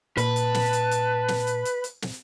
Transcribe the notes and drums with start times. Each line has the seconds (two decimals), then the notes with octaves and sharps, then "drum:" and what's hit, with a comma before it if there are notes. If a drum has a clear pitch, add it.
0.17 A#2 B4 A5, drum: hi-hat
0.36 drum: hi-hat
0.54 drum: snare
0.73 drum: hi-hat
0.91 drum: hi-hat
1.28 drum: snare
1.47 drum: hi-hat
1.65 drum: hi-hat
1.84 drum: hi-hat
2.02 drum: snare